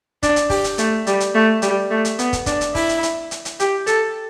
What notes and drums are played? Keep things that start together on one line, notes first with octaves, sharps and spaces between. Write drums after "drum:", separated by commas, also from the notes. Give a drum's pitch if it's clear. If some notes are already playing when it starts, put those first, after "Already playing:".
D4, drum: kick, hi-hat
drum: hi-hat
G4, drum: kick, open hi-hat
drum: hi-hat
A3, drum: hi-hat
G3, drum: hi-hat
drum: hi-hat
A3
G3, drum: hi-hat
A3
drum: hi-hat
B3, drum: hi-hat
drum: kick, hi-hat
D4, drum: kick, hi-hat
drum: hi-hat
E4, drum: kick, open hi-hat
drum: hi-hat
drum: hi-hat
drum: hi-hat
drum: hi-hat
G4, drum: hi-hat
A4, drum: hi-hat